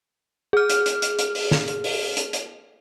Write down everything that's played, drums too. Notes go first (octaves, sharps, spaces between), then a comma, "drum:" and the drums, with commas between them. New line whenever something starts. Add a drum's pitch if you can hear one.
G#4 F6
drum: hi-hat
drum: hi-hat
drum: hi-hat
drum: hi-hat
drum: open hi-hat
drum: snare
drum: hi-hat
drum: open hi-hat
drum: hi-hat
drum: hi-hat